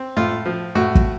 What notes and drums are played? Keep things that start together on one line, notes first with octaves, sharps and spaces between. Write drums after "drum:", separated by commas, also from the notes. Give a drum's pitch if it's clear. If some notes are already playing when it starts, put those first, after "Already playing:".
Already playing: C4
A2 F4
F3
A2 F#4
drum: kick